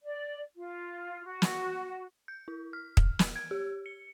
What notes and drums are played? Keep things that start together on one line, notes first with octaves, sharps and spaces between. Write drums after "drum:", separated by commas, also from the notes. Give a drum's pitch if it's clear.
D5
F4
F#4
drum: snare
G6
E4
F6
drum: kick
drum: snare
G#6
G4
C#7